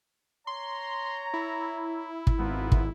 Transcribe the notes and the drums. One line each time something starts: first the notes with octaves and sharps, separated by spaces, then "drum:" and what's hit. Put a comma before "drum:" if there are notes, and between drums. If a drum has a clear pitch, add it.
C#5 A#5 C6
E4
drum: kick
G#1 B3 F4 A#4
drum: kick